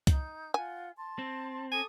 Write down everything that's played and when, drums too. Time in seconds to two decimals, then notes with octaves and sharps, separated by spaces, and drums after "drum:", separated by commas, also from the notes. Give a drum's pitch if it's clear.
0.07 D#4 G6, drum: kick C2, hi-hat
0.54 F4 F#5 G#5
0.96 A5 C6
1.19 C4
1.72 A4 G#5 D6 D#6